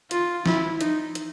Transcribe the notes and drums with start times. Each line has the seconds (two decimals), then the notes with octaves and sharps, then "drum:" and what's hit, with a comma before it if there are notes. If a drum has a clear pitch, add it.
0.11 F4, drum: hi-hat
0.46 E4, drum: snare
0.81 D#4, drum: hi-hat
1.15 drum: hi-hat